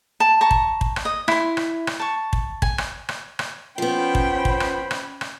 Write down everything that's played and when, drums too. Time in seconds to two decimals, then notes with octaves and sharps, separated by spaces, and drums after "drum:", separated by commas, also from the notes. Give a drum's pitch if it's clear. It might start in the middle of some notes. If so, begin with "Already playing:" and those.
0.20 A5
0.41 A5 A#5 C#6
0.51 drum: kick
0.81 drum: kick
0.96 drum: rim click
1.05 D#5
1.28 E4 C6, drum: rim click
1.57 drum: rim click
1.87 drum: rim click
1.99 A5 C#6
2.33 drum: kick
2.62 G#5, drum: kick
2.78 drum: rim click
3.09 drum: rim click
3.39 drum: rim click
3.78 F3 B3 C#4 C5 G5 B5
4.15 drum: kick
4.45 drum: kick
4.60 drum: rim click
4.91 drum: rim click
5.21 drum: rim click